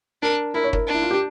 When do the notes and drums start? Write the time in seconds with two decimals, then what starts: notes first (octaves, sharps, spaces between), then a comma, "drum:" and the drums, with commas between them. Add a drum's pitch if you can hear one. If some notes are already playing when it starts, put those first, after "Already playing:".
0.22 D4 A#4
0.54 E4 A#4
0.64 C#5
0.73 A#4, drum: kick
0.87 D4
0.94 E4
1.02 F4
1.11 G4